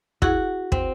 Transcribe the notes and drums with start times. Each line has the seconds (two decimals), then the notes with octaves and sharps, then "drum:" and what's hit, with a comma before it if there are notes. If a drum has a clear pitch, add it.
0.22 E4 F#4 G#4 F#5, drum: kick
0.72 C4, drum: kick